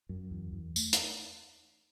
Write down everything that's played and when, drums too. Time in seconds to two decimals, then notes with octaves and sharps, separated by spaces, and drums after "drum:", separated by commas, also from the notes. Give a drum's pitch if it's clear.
0.09 F#2
0.31 E2
0.53 E2
0.76 A3, drum: tambourine
0.93 drum: hi-hat